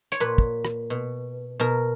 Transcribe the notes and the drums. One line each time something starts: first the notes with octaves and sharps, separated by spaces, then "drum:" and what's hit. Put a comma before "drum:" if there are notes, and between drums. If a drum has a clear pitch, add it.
C#5, drum: hi-hat
A#2 B4
drum: kick
drum: rim click
B2
B2 A#4